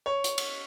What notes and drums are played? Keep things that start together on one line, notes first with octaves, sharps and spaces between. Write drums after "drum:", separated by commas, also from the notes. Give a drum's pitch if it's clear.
C#5
drum: hi-hat
drum: cymbal